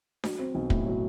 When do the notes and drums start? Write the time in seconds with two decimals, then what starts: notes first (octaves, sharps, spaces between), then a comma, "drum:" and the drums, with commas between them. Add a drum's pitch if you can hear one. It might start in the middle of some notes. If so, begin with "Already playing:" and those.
0.24 F#3, drum: snare D4
0.39 C4
0.55 B1
0.70 A2, drum: kick
0.86 F#3